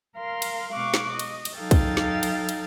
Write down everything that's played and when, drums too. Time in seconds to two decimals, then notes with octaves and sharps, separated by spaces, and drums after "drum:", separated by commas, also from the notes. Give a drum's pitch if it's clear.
0.16 A#4 F5 C6
0.42 drum: cymbal
0.73 B2 G#3 F5 C#6 D6 F#6
0.94 drum: snare
1.10 D#5
1.19 drum: cymbal
1.45 drum: cymbal
1.57 F#3 D#4 A4 F5 G5 A6
1.71 drum: kick, cymbal
1.97 drum: snare
2.23 drum: cymbal
2.49 drum: cymbal